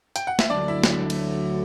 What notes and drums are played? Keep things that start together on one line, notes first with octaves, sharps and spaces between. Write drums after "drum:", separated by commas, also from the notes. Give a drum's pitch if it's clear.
G5, drum: hi-hat
F#5
E5, drum: snare
D2 D3 F#3 D4 D5
E4 E5
drum: snare
drum: cymbal